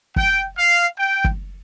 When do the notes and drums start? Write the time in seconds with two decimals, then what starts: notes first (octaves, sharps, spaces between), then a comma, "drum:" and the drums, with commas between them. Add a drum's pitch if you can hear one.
0.16 G5, drum: kick
0.57 F5
0.97 G5
1.24 drum: kick